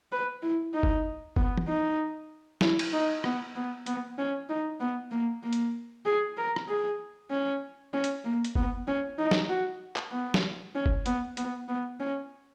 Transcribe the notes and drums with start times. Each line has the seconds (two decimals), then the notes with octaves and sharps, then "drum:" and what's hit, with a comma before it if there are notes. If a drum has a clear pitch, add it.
0.12 B4
0.43 E4
0.74 D#4
0.83 drum: kick F#1
1.36 B3, drum: kick F#1
1.57 drum: tom
1.68 D#4
2.61 E4, drum: snare
2.79 drum: cymbal
2.93 D#4
3.24 B3, drum: rim click
3.56 B3
3.86 B3, drum: hi-hat
4.18 C#4
4.49 D#4
4.80 B3
5.11 A#3
5.43 A#3
5.53 drum: hi-hat
6.05 G#4
6.37 A#4
6.56 drum: rim click
6.68 G#4
7.30 C#4
7.94 C#4
8.04 drum: hi-hat
8.25 A#3
8.44 drum: hi-hat
8.55 B3, drum: kick F#1
8.87 C#4
9.18 D#4
9.31 drum: snare
9.49 F#4
9.96 drum: clap
10.11 B3
10.34 drum: snare
10.75 C#4
10.86 drum: kick F#1
11.06 B3, drum: hi-hat
11.37 B3, drum: hi-hat
11.68 B3
12.00 C#4